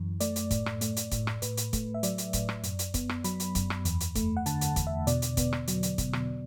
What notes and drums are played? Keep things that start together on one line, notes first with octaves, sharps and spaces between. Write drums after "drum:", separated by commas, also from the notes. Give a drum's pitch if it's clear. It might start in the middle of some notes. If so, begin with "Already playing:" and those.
Already playing: F#2 E3
A3 D5, drum: hi-hat
drum: hi-hat
A2, drum: kick, hi-hat
drum: rim click
A3, drum: hi-hat
drum: hi-hat
A2, drum: kick, hi-hat
drum: rim click
A2 B4, drum: hi-hat
drum: hi-hat
A3, drum: kick, hi-hat
E5
F#3 D5, drum: hi-hat
drum: hi-hat
A2, drum: kick, hi-hat
drum: rim click
F#2, drum: hi-hat
drum: hi-hat
B3, drum: kick, hi-hat
drum: rim click
F#3 B5, drum: hi-hat
drum: hi-hat
F#2, drum: kick, hi-hat
drum: rim click
E2, drum: hi-hat
drum: hi-hat
A3, drum: kick, hi-hat
F#5
D3 A5, drum: hi-hat
drum: hi-hat
E2, drum: kick, hi-hat
E5
B2 D5, drum: hi-hat
drum: hi-hat
B3, drum: kick, hi-hat
drum: rim click
F#3, drum: hi-hat
drum: hi-hat
B2, drum: kick, hi-hat
drum: rim click